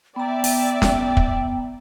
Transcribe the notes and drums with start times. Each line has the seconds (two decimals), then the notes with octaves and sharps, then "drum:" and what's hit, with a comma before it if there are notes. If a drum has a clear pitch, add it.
0.16 B3 D5 E5 G5 A#5
0.44 drum: open hi-hat
0.82 drum: snare
1.17 drum: kick